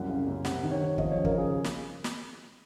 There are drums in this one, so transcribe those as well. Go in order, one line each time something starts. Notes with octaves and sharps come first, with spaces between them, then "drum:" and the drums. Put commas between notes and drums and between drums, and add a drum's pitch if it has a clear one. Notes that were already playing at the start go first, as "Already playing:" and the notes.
Already playing: C2 F#2 F#5
C#3
F#2
C3 F#5, drum: snare
D#3
C#5
D#3
F3 D#5, drum: kick
C#3 C#5
A#4, drum: kick
C#3 G#4
drum: snare
drum: snare